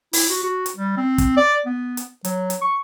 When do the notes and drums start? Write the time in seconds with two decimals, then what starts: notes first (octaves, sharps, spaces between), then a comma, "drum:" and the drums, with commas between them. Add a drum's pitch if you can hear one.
0.13 E4, drum: open hi-hat
0.29 F#4
0.44 F#4
0.66 drum: hi-hat
0.77 G3
0.97 C4
1.18 drum: kick, hi-hat
1.37 D5
1.66 B3
1.97 drum: hi-hat
2.25 F#3, drum: hi-hat
2.50 drum: hi-hat
2.62 C#6